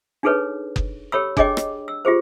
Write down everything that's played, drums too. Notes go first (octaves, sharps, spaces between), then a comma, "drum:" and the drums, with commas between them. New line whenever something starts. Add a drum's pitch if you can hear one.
D4 D#4 G#4 A4 B4 C#5
drum: kick F#1
G4 A4 C#5 B5 E6
D4 G#4 C#5 D#5 G5 D6, drum: kick F#1
drum: rim click
E6
F4 G4 G#4 C5